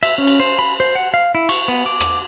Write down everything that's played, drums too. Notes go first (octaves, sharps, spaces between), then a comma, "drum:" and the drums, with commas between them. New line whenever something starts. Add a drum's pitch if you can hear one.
E5, drum: cymbal
C#4
drum: cymbal
C5
B5
C5
F#5
F5
E4
C#6, drum: cymbal
B3
D6
drum: rim click